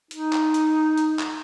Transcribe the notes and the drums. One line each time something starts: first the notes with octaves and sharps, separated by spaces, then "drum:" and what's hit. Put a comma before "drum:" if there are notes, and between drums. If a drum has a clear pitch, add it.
D#4, drum: hi-hat
drum: clap
drum: hi-hat
drum: hi-hat
drum: clap